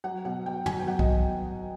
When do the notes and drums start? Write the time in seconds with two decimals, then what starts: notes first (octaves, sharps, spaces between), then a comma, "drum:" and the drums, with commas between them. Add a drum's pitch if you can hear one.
0.04 F#3 F#5
0.25 B2 F#5
0.46 B2 G5
0.66 F#3 G#5, drum: tom
0.80 G5
0.87 F#3 F#5
0.99 D#5, drum: kick B1